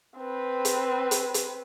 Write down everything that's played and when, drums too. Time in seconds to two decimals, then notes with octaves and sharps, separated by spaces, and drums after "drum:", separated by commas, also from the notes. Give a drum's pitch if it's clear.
0.18 C4 B4
0.65 drum: hi-hat
1.11 drum: hi-hat
1.34 drum: hi-hat